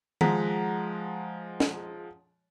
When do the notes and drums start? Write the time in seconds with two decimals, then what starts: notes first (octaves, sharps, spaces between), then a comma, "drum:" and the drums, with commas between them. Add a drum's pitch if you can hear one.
0.21 F3 G#3 F#5 A#5 B6, drum: tom
1.60 drum: snare